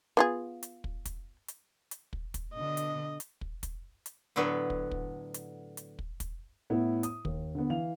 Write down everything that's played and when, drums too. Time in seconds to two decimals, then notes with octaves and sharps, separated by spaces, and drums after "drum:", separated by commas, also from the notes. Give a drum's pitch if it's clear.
0.17 B3 F4 G#4
0.63 drum: hi-hat
0.84 drum: kick
1.05 drum: kick, hi-hat
1.48 drum: hi-hat
1.91 drum: hi-hat
2.13 drum: kick
2.34 drum: kick, hi-hat
2.54 B2 D3 D#5
2.77 drum: hi-hat
3.20 drum: hi-hat
3.41 drum: kick
3.63 drum: kick, hi-hat
4.06 drum: hi-hat
4.36 A2 D3 F#3 B3 B4
4.70 drum: kick
4.91 drum: kick
5.34 drum: hi-hat
5.77 drum: hi-hat
5.99 drum: kick
6.20 drum: kick, hi-hat
6.70 A2 B3 E4
7.03 D#6, drum: hi-hat
7.25 D#2, drum: kick
7.55 D3 B3
7.70 E3 F5 F7